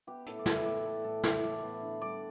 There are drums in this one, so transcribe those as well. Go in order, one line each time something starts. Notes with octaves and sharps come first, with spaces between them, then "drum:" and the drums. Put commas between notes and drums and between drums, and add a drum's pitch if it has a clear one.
B3 G4
A2 A4, drum: hi-hat
D5
E3 B4, drum: snare
A2 D5
B3 A4
A2 A4
E3 D5, drum: snare
A2 D5
B3 E5
D3
G3 D5